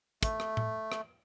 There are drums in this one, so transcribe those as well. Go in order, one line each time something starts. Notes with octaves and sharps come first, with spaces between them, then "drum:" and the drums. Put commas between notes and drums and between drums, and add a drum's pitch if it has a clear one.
A3, drum: kick, hi-hat
drum: rim click
drum: tom A2
drum: rim click